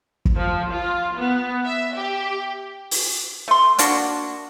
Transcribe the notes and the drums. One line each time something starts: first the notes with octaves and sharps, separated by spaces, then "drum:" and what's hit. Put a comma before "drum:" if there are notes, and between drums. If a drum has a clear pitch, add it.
drum: kick
F3
F4
B3
E5
G4
drum: open hi-hat
A3 C6
A#3 D4 F#4, drum: hi-hat